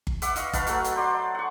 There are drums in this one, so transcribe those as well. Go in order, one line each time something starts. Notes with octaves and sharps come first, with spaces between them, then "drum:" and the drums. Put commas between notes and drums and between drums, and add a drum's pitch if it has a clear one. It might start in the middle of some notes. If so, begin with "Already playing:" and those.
drum: kick G1
E5 F#5 D6, drum: hi-hat
D#5 F5 C#6, drum: hi-hat
B4 F5 F#5 A5, drum: kick G1, hi-hat
F#3 A3 F#4, drum: hi-hat
drum: hi-hat
C5 D5 F#5 C6
F#5 C#6